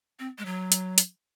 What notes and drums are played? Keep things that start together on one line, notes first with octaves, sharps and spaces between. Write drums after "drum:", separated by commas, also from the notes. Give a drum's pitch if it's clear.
C4
G#3
F#3
drum: hi-hat
drum: hi-hat